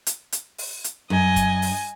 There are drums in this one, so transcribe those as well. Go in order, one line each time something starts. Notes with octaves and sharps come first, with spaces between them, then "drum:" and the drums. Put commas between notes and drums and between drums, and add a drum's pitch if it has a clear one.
drum: hi-hat
drum: hi-hat
drum: open hi-hat
drum: hi-hat
F#2 D#5 G#5
drum: kick F1, hi-hat
drum: open hi-hat